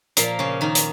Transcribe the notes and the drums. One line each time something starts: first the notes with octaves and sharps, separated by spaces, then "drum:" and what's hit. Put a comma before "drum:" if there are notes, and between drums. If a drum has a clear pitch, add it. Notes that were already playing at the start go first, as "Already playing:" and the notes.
A#2 F3 A#3, drum: hi-hat
C#3 C#4
D#3 D#4
drum: hi-hat